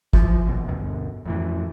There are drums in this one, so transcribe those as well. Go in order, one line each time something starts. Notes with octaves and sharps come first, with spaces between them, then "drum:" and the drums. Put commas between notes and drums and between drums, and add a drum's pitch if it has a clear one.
E3 F3, drum: kick G#1
A#1 B2
D2 G2 B2
F2 A2 E3